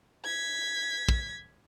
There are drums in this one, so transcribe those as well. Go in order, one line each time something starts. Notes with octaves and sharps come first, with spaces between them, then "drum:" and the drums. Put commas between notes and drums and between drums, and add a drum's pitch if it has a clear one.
G#6 B6
drum: kick